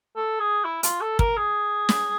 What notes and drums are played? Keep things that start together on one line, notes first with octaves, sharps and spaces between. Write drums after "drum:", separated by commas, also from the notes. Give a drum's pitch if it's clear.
A4
G#4
E4
F4, drum: hi-hat
A4
A#4, drum: kick
G#4
drum: snare